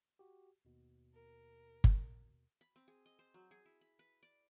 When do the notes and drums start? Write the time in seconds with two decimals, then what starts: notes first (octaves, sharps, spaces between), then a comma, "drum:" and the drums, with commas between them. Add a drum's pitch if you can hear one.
0.19 F#4 G4
0.65 D#2 B2
1.14 A#4
1.84 drum: kick G1
2.61 B5
2.76 C4
2.88 G#4
3.06 D#5
3.19 C5
3.34 F#3
3.51 G#4
3.66 E4
3.81 B5
3.99 B4
4.23 D5